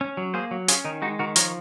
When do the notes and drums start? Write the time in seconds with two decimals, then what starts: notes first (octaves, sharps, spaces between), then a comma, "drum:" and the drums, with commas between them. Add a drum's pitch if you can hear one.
0.01 C#4
0.17 F#3
0.34 A#3 G#4 C5
0.51 F#3
0.68 C#4 F4 G#4, drum: hi-hat
0.85 D#3 D#4
1.02 G#3 D#4 F#4
1.19 D#3 F#4 A#4
1.36 F3 A#4 C#5, drum: hi-hat